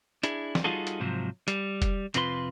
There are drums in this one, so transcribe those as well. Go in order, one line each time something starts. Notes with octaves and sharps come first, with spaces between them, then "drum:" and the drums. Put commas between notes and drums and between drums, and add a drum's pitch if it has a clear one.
D4 E4 G#4, drum: hi-hat
drum: snare
G3 D#4 F4 F#4 G#4 A4
drum: hi-hat
G#2 C3 F3 F#3
G3, drum: hi-hat
drum: kick F1, hi-hat
F2 C3 C4 F4 B4 C6, drum: hi-hat